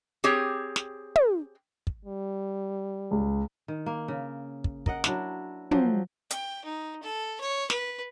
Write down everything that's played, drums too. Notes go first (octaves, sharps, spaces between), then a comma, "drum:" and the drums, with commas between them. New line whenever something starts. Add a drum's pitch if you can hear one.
C4 G4 G#4 C#5
drum: snare
drum: tom
drum: kick
G3
C#2
D#3
A#3
C#3
drum: kick
A#4 D#5 F#5, drum: kick
F#3 D4 E4, drum: snare
F3 F#3 C4, drum: tom
G5, drum: hi-hat
D#4
A4
C#5
B4, drum: snare